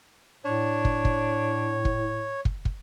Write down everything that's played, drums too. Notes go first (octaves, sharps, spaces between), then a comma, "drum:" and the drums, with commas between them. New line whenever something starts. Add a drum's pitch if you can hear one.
A2 D4 C#5
drum: kick
drum: kick
drum: kick
drum: kick
drum: kick